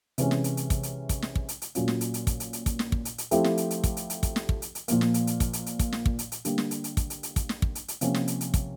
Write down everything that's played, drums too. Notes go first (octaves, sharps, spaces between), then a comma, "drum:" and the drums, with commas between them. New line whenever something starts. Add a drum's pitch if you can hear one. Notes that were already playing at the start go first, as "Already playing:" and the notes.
C3 E3 G#3 C#4, drum: hi-hat
drum: snare
drum: hi-hat
drum: hi-hat
drum: kick, hi-hat
drum: hi-hat
drum: kick, hi-hat
drum: snare
drum: kick
drum: hi-hat
drum: hi-hat
A#2 F#3 A#3 C#4 F4, drum: hi-hat
drum: snare
drum: hi-hat
drum: hi-hat
drum: kick, hi-hat
drum: hi-hat
drum: hi-hat
drum: kick, hi-hat
drum: snare
drum: kick
drum: hi-hat
drum: hi-hat
F3 A3 C4 E4 G4, drum: hi-hat
drum: snare
drum: hi-hat
drum: hi-hat
drum: kick, hi-hat
drum: hi-hat
drum: hi-hat
drum: kick, hi-hat
drum: snare
drum: kick
drum: hi-hat
drum: hi-hat
A#2 F3 A#3, drum: hi-hat
drum: snare
drum: hi-hat
drum: hi-hat
drum: kick, hi-hat
drum: hi-hat
drum: hi-hat
drum: kick, hi-hat
drum: snare
drum: kick
drum: hi-hat
drum: hi-hat
D3 G3 A#3, drum: hi-hat
drum: snare
drum: hi-hat
drum: hi-hat
drum: kick, hi-hat
drum: hi-hat
drum: hi-hat
drum: kick, hi-hat
drum: snare
drum: kick
drum: hi-hat
drum: hi-hat
C3 F3 A#3 C#4, drum: hi-hat
drum: snare
drum: hi-hat
drum: hi-hat
drum: kick, hi-hat